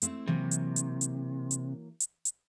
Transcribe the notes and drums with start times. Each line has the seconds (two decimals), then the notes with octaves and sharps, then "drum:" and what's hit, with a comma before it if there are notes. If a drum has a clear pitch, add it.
0.02 A3 C4 E4, drum: hi-hat
0.28 C3 E3 F#3 A#3
0.51 drum: hi-hat
0.76 drum: hi-hat
1.01 drum: hi-hat
1.51 drum: hi-hat
2.01 drum: hi-hat
2.25 drum: hi-hat